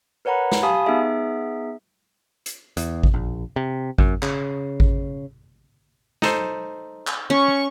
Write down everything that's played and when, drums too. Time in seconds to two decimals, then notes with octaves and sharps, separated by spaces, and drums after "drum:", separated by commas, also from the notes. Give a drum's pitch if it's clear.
0.25 A#4 B4 C#5 F#5 A#5 B5
0.52 drum: snare
0.63 G4 F5 G#5 A5 B5 D#6
0.86 B3 D#4 G#4 E5
2.46 drum: hi-hat
2.77 E2, drum: hi-hat
3.03 drum: kick G#1
3.14 A#1
3.56 C3
3.98 F#2, drum: kick G#1
4.22 C#3, drum: clap
4.80 drum: kick G#1
6.22 D#4 A4 C5, drum: snare
7.07 drum: clap
7.30 C#4 C#6